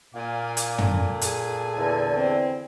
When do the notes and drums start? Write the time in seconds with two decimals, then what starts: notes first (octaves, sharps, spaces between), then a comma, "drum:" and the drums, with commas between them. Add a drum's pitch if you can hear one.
0.14 A#2 D5 F5 G#5
0.57 drum: hi-hat
0.78 A4, drum: tom
1.21 G#4 G#5, drum: hi-hat
1.77 E2 D3
2.16 C4